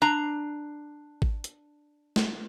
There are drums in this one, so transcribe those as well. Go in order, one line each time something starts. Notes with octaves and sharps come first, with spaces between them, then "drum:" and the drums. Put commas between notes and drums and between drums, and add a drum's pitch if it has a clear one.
D4 A#5
drum: kick G#1
drum: hi-hat
drum: snare A3